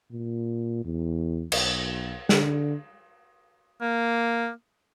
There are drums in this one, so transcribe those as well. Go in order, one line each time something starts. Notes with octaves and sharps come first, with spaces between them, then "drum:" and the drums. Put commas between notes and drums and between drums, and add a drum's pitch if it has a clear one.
A#2
E2
B1, drum: cymbal
D3, drum: snare
A#3